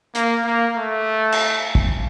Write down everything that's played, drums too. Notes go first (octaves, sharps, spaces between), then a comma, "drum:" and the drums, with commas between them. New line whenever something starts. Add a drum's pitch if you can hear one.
A#3, drum: hi-hat
A#3
A3
drum: cymbal
drum: kick